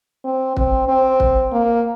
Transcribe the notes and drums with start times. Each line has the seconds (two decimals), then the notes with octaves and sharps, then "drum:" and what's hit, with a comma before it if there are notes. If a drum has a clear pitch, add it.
0.25 C4
0.57 C4, drum: kick
0.88 C4
1.20 drum: kick
1.52 A#3